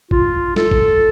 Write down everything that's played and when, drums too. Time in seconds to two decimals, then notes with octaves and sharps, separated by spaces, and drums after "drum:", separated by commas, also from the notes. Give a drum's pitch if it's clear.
0.11 F4, drum: kick A1
0.56 A4, drum: snare
0.71 drum: kick A1